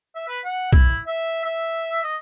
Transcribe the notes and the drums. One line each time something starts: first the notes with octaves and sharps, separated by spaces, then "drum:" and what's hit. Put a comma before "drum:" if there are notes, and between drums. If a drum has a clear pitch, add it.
E5
B4
F#5
E4, drum: kick
E5
E5
D#5